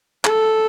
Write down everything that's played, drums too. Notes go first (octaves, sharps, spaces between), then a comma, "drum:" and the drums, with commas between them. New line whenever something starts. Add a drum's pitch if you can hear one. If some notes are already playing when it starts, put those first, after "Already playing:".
A4, drum: clap